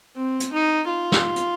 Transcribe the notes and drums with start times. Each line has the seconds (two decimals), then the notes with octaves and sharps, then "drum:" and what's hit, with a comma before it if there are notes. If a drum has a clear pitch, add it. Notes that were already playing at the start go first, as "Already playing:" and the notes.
0.16 C4
0.40 drum: hi-hat
0.52 D#4
0.88 F4
1.12 drum: snare
1.36 drum: hi-hat